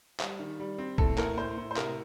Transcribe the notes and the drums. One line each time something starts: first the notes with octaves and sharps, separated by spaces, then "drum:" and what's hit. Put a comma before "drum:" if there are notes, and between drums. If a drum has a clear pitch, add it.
G3, drum: clap
D#3
G3
C4
A2 A4, drum: kick
A2 A#4, drum: clap
A2 C5
A2
C5
C3 A#4, drum: clap